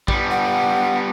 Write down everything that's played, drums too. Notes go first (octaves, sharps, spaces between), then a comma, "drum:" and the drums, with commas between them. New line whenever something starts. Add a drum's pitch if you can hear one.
G3 B3, drum: kick
F#5